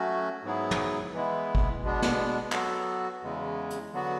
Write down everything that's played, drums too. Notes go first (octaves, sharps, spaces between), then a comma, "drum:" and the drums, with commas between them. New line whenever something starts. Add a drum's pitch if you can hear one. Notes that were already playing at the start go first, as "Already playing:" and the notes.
Already playing: F#3 A3 C#4 F#4
G#2 F#3 B3 E4 G#4
drum: tom
E3 G#3 B3 E4
drum: kick
B2 G#3 B3 D4
drum: snare
F#3 B3 F#4 A4, drum: clap
E2 C#3 G#3
drum: hi-hat
D3 F#3 B3 F#4